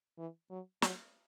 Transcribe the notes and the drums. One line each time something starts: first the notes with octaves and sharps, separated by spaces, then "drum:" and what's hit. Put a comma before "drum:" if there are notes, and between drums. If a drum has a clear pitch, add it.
E3
F#3
F#3, drum: snare